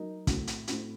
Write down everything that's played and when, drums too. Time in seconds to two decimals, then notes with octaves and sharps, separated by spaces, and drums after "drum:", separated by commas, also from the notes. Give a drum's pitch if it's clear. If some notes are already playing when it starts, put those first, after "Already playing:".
Already playing: F#3 D#4 A#4
0.27 A2 A3 C4 F#4, drum: kick, hi-hat
0.47 drum: hi-hat
0.67 A2 A3 C4 F#4, drum: hi-hat